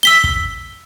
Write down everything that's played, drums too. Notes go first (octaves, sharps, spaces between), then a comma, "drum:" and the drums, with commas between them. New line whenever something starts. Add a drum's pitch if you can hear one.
E6 B6 G7
drum: kick